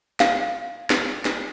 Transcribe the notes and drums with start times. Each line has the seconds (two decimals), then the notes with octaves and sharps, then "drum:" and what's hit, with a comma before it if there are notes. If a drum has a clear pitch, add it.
0.20 F5, drum: snare
0.90 drum: snare
1.25 drum: snare